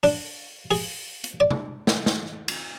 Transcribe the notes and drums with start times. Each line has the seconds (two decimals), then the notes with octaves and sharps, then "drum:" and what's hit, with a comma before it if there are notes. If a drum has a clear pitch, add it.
0.03 D4, drum: open hi-hat
0.71 G#4, drum: open hi-hat
1.24 drum: hi-hat
1.40 D5
1.51 drum: tom C3
1.87 drum: snare
2.06 drum: snare
2.48 drum: cymbal